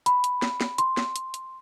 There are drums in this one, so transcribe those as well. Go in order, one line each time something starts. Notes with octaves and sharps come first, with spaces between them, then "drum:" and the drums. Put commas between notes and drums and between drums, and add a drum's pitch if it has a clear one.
B5, drum: hi-hat
drum: hi-hat
drum: snare
drum: snare
C6, drum: hi-hat
drum: snare
drum: hi-hat
drum: hi-hat